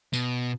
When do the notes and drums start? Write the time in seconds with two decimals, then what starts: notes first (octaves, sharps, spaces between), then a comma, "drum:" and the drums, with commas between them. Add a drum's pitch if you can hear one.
0.13 B2, drum: tambourine